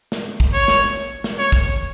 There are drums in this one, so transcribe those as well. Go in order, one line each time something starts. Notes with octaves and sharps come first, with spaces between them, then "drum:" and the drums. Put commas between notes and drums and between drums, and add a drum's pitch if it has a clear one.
drum: snare
drum: kick, hi-hat
C#5
drum: snare
drum: hi-hat
drum: snare
C#5
drum: kick, hi-hat